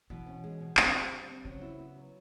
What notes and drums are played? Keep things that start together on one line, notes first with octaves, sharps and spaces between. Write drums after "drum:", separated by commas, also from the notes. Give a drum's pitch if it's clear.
B2 E3
C#4
G#3
B2
D3 C4, drum: clap
G3
G3
C4
C#3 F#3
E4
B3
F#3